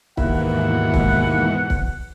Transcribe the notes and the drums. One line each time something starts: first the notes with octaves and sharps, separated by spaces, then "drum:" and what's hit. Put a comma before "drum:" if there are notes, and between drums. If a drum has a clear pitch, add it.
D#2 G#2 B2 E3 E4 F#5, drum: kick
drum: kick
drum: kick